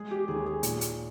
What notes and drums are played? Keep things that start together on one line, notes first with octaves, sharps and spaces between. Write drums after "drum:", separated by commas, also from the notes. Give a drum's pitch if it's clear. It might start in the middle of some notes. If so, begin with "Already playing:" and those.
Already playing: G#3 G#4
G4
D#2 G#4
G#4
A#2, drum: hi-hat
drum: hi-hat